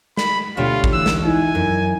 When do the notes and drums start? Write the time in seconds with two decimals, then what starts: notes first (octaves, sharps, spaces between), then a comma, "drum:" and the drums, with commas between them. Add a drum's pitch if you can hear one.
0.17 B5, drum: snare
0.57 D2 B2 D4 F4 G4 C#5 C#6
0.84 drum: kick
0.93 E3 E6 F#6
1.06 drum: snare
1.25 D#4 E4 G#5
1.55 F#2